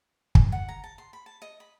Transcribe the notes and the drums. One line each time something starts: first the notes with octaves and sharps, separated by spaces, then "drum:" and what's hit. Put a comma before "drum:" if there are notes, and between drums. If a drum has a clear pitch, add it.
drum: kick
F#5
A#5
A5
C6
B5
A5
D#5
B5